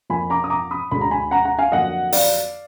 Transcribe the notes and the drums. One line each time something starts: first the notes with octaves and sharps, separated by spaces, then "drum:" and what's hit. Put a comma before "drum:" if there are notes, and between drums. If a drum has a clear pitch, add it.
F2 F3 A#3 G#5 B5
A#5 D6
D#6
A#5 D6
B5 D#6
D2 D3 G#3 B5
A#5
G#5 B5
F#5 A#5
F#5 A#5
F5 G#5
F2 D3 F#3 A#3 D#5 F#5
D5 F5, drum: open hi-hat